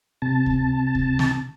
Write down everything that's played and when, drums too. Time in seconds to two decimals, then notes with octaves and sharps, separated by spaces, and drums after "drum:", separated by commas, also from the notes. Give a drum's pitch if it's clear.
0.22 C3 A5
0.46 drum: kick C#2
0.95 drum: kick C#2
1.19 drum: snare